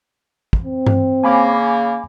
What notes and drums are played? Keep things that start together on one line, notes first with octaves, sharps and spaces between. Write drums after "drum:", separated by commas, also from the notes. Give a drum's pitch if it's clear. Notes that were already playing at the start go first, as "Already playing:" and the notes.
drum: kick
C4
drum: tom G2
C#3 A#3 G#5 B5 D6